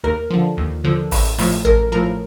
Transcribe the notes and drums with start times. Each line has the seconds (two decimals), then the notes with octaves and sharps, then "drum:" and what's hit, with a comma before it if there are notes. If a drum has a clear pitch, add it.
0.04 D#2 A#4
0.30 D3 F3
0.57 D#2
0.84 D3 F3
1.11 A1, drum: open hi-hat
1.38 A2 F3, drum: open hi-hat
1.65 A1 A#4
1.92 A2 F3 A#4